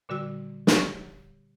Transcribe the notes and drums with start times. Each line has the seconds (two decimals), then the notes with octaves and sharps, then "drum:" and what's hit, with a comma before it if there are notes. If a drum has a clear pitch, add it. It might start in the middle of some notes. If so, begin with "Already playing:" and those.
0.09 A#2 D3 G3 F#4 E6
0.67 G4 C#5 C#6, drum: snare